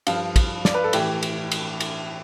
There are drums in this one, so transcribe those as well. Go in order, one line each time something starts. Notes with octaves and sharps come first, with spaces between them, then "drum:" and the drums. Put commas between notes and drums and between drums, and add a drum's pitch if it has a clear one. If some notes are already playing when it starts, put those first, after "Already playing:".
G2 F3 F5, drum: cymbal
drum: kick, cymbal
D5, drum: snare
B4
A4
A2 E3 G4, drum: cymbal
drum: cymbal
drum: cymbal
drum: cymbal